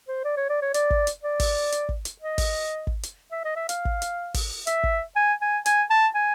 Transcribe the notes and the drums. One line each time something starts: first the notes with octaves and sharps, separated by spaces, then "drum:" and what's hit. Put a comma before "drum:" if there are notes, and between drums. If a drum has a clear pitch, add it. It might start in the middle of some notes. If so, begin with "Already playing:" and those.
C5
D5
C#5
D5
C#5
D5, drum: hi-hat
drum: kick
drum: hi-hat
D5
drum: kick, open hi-hat
drum: hi-hat
drum: kick
drum: hi-hat
D#5
drum: kick, open hi-hat
drum: kick
drum: hi-hat
E5
D#5
E5
F5, drum: hi-hat
drum: kick
drum: hi-hat
drum: kick, open hi-hat
E5, drum: hi-hat
drum: kick
G#5
G#5
G#5, drum: hi-hat
A5
G#5